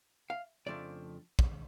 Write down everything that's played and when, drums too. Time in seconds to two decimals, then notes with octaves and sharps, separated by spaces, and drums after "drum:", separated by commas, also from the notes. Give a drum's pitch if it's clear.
0.30 F5
0.66 F2 C#3 F3 A3 D4 D5
1.39 drum: kick